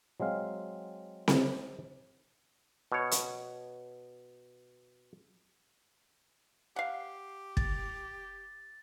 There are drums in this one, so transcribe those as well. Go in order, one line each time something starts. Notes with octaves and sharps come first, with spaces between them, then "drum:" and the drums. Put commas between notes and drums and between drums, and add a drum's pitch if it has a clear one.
F#3 G#3 C4 F5
drum: snare C4
B2 C#5
drum: hi-hat
G4 F5 F#5
A6, drum: kick